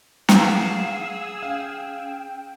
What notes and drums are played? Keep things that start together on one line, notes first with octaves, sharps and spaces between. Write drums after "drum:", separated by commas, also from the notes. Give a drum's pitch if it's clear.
G#4 F5 F#5 E6, drum: snare
C#4 F5 G5